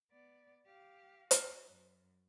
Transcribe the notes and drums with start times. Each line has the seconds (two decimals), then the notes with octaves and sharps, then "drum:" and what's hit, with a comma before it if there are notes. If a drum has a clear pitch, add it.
0.12 B3 D5
0.66 G4 F5
1.31 F#4, drum: hi-hat
1.68 F#2